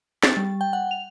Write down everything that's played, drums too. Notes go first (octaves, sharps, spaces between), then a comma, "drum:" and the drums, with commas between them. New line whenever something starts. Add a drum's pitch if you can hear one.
A6, drum: snare
G3
G5
F#5
F7